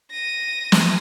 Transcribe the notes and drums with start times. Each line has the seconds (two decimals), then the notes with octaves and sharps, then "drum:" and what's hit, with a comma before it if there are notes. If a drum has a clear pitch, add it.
0.11 A#6 D#7
0.72 drum: snare